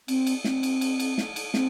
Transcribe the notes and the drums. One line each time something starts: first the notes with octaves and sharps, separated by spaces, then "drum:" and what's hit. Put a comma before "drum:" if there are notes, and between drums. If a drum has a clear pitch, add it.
C4, drum: cymbal
drum: cymbal
C4, drum: snare
drum: cymbal
drum: cymbal
drum: cymbal
drum: snare
drum: cymbal
C4, drum: snare